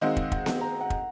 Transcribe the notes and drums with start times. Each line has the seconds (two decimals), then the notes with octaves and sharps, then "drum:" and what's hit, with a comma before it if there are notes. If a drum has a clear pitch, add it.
0.01 D#3 G#3 C4 D#4 F#4 F5
0.16 drum: kick
0.32 F#5, drum: kick
0.46 drum: snare B3
0.61 A#5
0.80 F#5
0.90 drum: kick